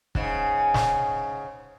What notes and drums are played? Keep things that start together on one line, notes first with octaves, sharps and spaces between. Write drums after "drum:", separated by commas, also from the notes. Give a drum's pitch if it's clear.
G#2 C#3, drum: kick
drum: snare